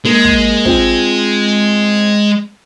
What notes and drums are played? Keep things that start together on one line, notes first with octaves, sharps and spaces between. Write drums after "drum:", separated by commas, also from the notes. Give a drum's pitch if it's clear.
G#3 A#3 G#4
drum: kick
C4 F4 C5, drum: kick